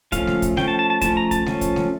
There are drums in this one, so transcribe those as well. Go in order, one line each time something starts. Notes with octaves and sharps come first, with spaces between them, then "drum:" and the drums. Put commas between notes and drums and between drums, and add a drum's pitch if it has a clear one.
F3 A3 C#4 F5, drum: kick, hi-hat
drum: snare G#3
drum: kick, hi-hat
F3 A3 C#4 G5, drum: snare G#3
A5
A5
A5
F3 A3 C#4 A5, drum: kick, hi-hat
A#5
A5, drum: kick, hi-hat
F3 A3 C#4, drum: snare G#3
drum: kick, hi-hat
drum: snare G#3